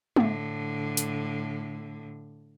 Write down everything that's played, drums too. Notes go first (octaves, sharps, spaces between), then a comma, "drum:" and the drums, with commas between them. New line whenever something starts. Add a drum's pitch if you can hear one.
A2 D3, drum: tom
drum: hi-hat